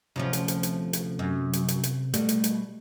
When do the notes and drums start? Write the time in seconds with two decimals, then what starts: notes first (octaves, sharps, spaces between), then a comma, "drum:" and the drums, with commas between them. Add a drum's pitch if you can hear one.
0.16 D2 C3 F3 C#4
0.33 drum: hi-hat
0.48 drum: hi-hat
0.63 drum: hi-hat
0.93 drum: hi-hat
1.19 F#2
1.53 drum: hi-hat
1.68 drum: hi-hat
1.83 drum: hi-hat
2.14 B2 G3 A3, drum: hi-hat
2.29 drum: hi-hat
2.44 drum: hi-hat